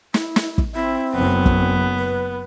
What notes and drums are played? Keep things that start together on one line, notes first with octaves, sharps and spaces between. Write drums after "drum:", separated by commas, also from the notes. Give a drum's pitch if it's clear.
E4, drum: snare
drum: snare
drum: kick
C4 E4
F#1 F#2 B3
drum: kick
B4